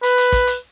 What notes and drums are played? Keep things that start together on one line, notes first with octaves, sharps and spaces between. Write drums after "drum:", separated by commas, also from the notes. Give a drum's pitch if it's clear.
B4, drum: hi-hat
drum: hi-hat
drum: kick, hi-hat
drum: hi-hat